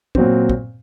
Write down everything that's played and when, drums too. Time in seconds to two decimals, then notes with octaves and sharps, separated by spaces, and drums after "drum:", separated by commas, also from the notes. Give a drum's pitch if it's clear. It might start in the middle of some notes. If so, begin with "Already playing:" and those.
0.15 A#2 F#3 C4, drum: kick
0.50 drum: kick